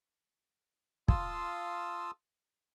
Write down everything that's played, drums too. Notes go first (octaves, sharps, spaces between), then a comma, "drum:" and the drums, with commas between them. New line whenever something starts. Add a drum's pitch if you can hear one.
F4 F5 A5 C6 D#6 E6, drum: kick